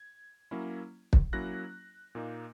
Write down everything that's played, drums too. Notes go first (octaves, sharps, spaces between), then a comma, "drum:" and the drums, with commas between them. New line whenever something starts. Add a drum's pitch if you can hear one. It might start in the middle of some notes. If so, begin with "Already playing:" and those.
Already playing: G#6
F#3 A#3 C#4 E4
drum: kick
F#3 A#3 C#4 E4 F#6 A#6
A#2 A#3 D#4